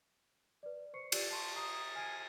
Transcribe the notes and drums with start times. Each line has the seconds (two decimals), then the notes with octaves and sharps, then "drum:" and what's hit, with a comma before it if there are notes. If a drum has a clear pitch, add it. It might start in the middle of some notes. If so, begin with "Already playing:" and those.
0.63 B4 D5
0.94 C5 C#6 C7 C#7
1.12 F4 G4 D5 E6, drum: cymbal
1.30 A5 C6 C#6
1.55 A#5 D#6 C7
1.95 G#5 F6 G#6 C7 D7 D#7